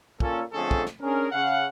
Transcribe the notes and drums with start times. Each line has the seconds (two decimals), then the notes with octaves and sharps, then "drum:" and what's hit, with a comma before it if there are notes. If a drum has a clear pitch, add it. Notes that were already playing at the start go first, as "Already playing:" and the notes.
0.20 A#2 C#4 A4, drum: kick
0.53 F2 D3 A3 C#4 G#4 A4
0.71 drum: kick
0.87 drum: snare
1.01 C#4 D4 G#4 A#4
1.32 C#3 F5 F#5